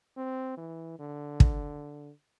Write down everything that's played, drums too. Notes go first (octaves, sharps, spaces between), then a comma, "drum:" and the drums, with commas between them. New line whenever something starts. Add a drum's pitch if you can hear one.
C4
E3
D3
drum: kick